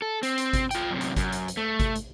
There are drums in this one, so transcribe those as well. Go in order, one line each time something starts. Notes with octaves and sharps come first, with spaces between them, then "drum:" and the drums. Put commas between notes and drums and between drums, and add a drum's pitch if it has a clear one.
A4
C4, drum: hi-hat
drum: hi-hat
drum: kick G#1, hi-hat
F4 G5, drum: hi-hat
F#2 C3
drum: hi-hat
F#2, drum: kick G#1, hi-hat
drum: hi-hat
drum: hi-hat
A3
drum: kick G#1, hi-hat
drum: hi-hat